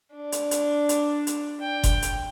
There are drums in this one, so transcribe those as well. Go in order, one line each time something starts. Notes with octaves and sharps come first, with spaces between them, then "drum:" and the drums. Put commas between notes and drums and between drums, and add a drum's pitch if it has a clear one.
D4
drum: hi-hat
drum: hi-hat
drum: hi-hat
drum: hi-hat
G5
drum: kick F#1, hi-hat
drum: hi-hat